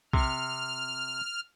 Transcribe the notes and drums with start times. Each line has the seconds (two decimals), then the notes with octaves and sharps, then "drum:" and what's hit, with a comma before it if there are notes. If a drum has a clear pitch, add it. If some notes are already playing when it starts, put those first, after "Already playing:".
0.13 C3 F6, drum: kick B1